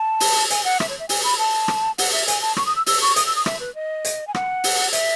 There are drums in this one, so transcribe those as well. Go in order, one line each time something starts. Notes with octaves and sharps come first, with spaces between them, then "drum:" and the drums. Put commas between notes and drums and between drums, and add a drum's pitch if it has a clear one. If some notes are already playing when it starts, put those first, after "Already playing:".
Already playing: A5
drum: open hi-hat
G#5, drum: hi-hat
F#5
E5, drum: rim click
C#5
E5
G#5, drum: open hi-hat
B5
A5
drum: rim click
F#5, drum: open hi-hat
E5
G#5, drum: hi-hat
A5
C#6, drum: rim click
D#6
E6
E6, drum: open hi-hat
C#6
D#6, drum: hi-hat
E6
D#6
E5, drum: rim click
B4
D#5
drum: hi-hat
G#5
F#5, drum: rim click
drum: open hi-hat
E5, drum: hi-hat